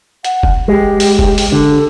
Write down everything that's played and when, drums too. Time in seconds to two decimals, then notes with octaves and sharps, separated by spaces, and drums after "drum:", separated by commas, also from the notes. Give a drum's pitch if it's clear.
0.25 F#5, drum: hi-hat
0.43 drum: kick F1
0.68 G#3 G4
1.00 drum: open hi-hat
1.19 drum: kick F1
1.38 drum: open hi-hat
1.52 D3 A4